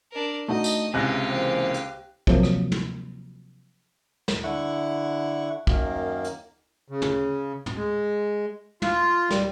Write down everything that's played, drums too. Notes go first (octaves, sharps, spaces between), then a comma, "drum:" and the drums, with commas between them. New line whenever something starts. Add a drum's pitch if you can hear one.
D4 A#4
A3 D#4 F#4 D#5
drum: tambourine
C#2 C3 G4 F5 G#5 F#6 A#6
E3 A#3 C5
drum: hi-hat
C3 F3 F#3 A#3, drum: kick
drum: rim click
drum: tom
drum: snare
D3 E4 F#5 C#6
F#2 D#3 A#3, drum: kick
drum: hi-hat
C#3
drum: tom
drum: tom
G#3
F4, drum: tom
G3, drum: snare